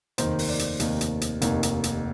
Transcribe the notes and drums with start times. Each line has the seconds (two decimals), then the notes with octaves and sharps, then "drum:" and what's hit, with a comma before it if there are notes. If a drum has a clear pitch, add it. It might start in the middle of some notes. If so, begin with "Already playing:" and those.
0.18 F1 D#2 D#3 C5, drum: hi-hat
0.39 drum: open hi-hat
0.49 D5
0.59 drum: hi-hat
0.80 F1 D#2 D#3, drum: hi-hat
1.01 drum: hi-hat
1.21 drum: hi-hat
1.42 F1 D#2 D#3, drum: hi-hat
1.63 drum: hi-hat
1.84 drum: hi-hat